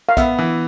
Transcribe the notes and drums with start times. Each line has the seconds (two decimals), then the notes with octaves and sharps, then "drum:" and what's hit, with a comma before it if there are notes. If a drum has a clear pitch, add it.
0.09 F5
0.17 B3 E5, drum: kick A#1, hi-hat
0.38 E3